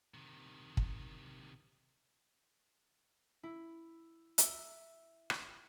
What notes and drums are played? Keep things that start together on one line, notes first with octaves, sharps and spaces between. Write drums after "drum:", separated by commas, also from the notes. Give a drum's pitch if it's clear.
C3 D#3
drum: kick
E4
E5, drum: hi-hat
drum: rim click